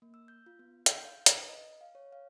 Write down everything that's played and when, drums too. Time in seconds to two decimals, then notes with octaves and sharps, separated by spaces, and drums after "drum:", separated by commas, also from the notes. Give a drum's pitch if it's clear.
0.02 A#3
0.14 E6
0.28 G6
0.46 F4
0.59 B3
0.86 G6, drum: hi-hat
1.05 F5
1.26 B4, drum: hi-hat
1.48 D#5
1.81 F5
1.95 C#5
2.13 F5